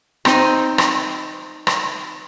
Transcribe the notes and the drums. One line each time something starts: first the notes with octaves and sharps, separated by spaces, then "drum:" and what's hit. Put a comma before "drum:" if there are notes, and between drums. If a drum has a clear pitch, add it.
C4 D#4 C6, drum: rim click
drum: rim click
drum: rim click